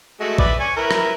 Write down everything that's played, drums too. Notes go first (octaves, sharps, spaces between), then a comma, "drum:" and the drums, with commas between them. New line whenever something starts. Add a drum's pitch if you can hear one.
G#3 A3 F#4
B4 D5 E5, drum: kick
G#5 C#6
E4 A#4 B4
drum: rim click